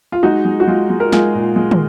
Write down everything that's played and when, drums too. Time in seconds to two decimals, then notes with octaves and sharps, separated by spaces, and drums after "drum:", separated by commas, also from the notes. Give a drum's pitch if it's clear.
0.12 F4
0.23 G#3 D#4 F#4
0.45 G#3
0.60 F#4
0.68 G#3 F4
0.90 G#3
1.00 A#4
1.12 G#3 F4 G#4, drum: snare
1.35 A#2
1.56 G#3
1.71 drum: tom